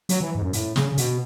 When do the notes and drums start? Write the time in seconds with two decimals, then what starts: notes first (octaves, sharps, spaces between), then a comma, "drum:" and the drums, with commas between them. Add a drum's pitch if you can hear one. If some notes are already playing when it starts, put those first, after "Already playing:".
0.09 F#3, drum: hi-hat
0.21 E3
0.35 G#2
0.42 F#2
0.53 A2, drum: hi-hat
0.76 C#3, drum: snare
0.92 C#3
0.98 B2, drum: hi-hat